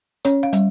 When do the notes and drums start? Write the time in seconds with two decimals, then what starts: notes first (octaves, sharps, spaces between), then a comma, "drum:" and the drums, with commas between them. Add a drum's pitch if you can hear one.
0.25 C#4 C#5, drum: hi-hat
0.43 F5
0.53 G3, drum: hi-hat